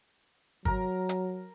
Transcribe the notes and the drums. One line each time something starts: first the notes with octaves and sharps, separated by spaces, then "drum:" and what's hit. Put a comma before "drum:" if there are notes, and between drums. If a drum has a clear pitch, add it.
F#3 A#4 A#5, drum: kick
drum: hi-hat